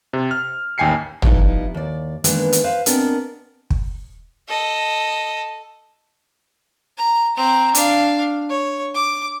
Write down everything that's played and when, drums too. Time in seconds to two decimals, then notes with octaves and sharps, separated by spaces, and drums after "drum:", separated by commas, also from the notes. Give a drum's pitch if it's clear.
0.13 C3
0.31 F6
0.78 A1 D#2 G5 G#5 C7 C#7
1.22 F3 G3 B3 D#4 E4, drum: tom
1.75 D#2 D5
2.24 D#3 E3 G#3 A#3 B3 D4, drum: hi-hat
2.53 drum: hi-hat
2.64 B4 C5 F5
2.86 B3 C4 D4 G#4 A#4 D#5, drum: hi-hat
3.70 drum: kick
4.48 A4 D#5
6.98 A#5
7.36 C4 A#5
7.75 D4 F5, drum: hi-hat
8.50 C#5
8.94 D6